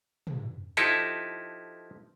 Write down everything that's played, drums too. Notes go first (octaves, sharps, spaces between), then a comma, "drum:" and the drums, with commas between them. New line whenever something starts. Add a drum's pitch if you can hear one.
drum: tom
F3 D#4 E4 G4 A4, drum: hi-hat